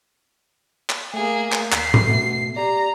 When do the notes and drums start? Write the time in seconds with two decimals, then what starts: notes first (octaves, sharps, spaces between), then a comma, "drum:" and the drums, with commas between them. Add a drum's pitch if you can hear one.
0.90 drum: clap
1.14 A3 A#3 G#4
1.52 drum: clap
1.72 D#2 B6 C7, drum: clap
1.94 drum: tom A2
2.09 B2 A3 B3
2.56 G4 D5 A#5